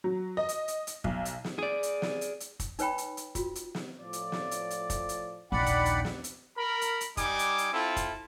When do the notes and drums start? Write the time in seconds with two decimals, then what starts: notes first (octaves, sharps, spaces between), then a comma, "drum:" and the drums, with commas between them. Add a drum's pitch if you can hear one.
0.04 F#3
0.37 D#5
0.49 drum: hi-hat
0.68 drum: hi-hat
0.87 drum: hi-hat
1.04 B1, drum: kick
1.25 drum: hi-hat
1.44 drum: snare
1.59 G#4 D5
1.83 drum: hi-hat
2.02 drum: snare
2.21 drum: hi-hat
2.40 drum: hi-hat
2.60 drum: kick, hi-hat
2.79 D#4 B4 C#5 G5 B5, drum: hi-hat
2.98 drum: hi-hat
3.17 drum: hi-hat
3.35 F4 F#4, drum: kick, hi-hat
3.55 drum: hi-hat
3.75 drum: snare
3.99 A2 F3 D5
4.13 drum: hi-hat
4.32 drum: snare
4.51 drum: hi-hat
4.70 drum: hi-hat
4.90 drum: kick, hi-hat
5.09 drum: hi-hat
5.52 A#1 D#2 D4 D#4 D5 F#5 G5 B5
5.66 drum: kick, hi-hat
5.86 drum: hi-hat
6.05 drum: snare
6.24 drum: hi-hat
6.57 A#4 B5
6.81 drum: hi-hat
7.01 drum: hi-hat
7.17 G3 D#4 G#5 D6, drum: kick, hi-hat
7.39 drum: hi-hat
7.58 drum: hi-hat
7.73 C4 E4 F4 A4
7.96 drum: kick, hi-hat